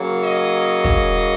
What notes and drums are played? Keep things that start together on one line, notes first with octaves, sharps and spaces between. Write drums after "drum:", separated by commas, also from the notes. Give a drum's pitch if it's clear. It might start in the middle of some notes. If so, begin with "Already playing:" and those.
Already playing: C#3 F#3 A#3
D#5
drum: kick, hi-hat